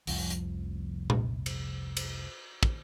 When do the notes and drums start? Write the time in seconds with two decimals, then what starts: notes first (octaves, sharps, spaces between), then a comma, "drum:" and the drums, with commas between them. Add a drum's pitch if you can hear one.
0.07 F1 C2 F3, drum: open hi-hat
0.30 drum: hi-hat
1.10 drum: tom A#2
1.46 drum: cymbal
1.97 drum: cymbal
2.63 drum: kick